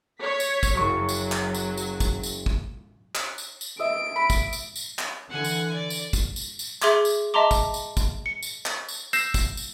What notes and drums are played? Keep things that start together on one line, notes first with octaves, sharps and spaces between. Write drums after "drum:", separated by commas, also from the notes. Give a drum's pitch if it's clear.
C#5 B6
drum: tambourine
drum: kick, tambourine
F#1 F#3 C#6
drum: tambourine
drum: clap
drum: tambourine
drum: tambourine
drum: kick, tambourine
drum: tambourine
drum: kick
drum: clap
drum: tambourine
drum: tambourine
D#5 E5 D7
B5
drum: kick, tambourine
drum: tambourine
drum: tambourine
drum: clap
D3 E3 F#5 G#5
drum: tambourine
D5
drum: tambourine
drum: kick, tambourine
drum: tambourine
drum: tambourine
G#4 E5 C6 D6 G#6, drum: clap
drum: tambourine
D#5 E5 A5 A#5 C6 D6
drum: kick, tambourine
drum: tambourine
drum: kick, tambourine
C#7
drum: tambourine
drum: clap
drum: tambourine
E6 G6 A#6 C7 E7, drum: tambourine
drum: kick, tambourine
drum: tambourine